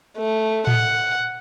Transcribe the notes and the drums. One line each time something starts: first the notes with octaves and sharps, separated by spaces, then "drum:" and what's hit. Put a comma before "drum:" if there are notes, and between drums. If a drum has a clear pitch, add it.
A3
F#5, drum: tom A2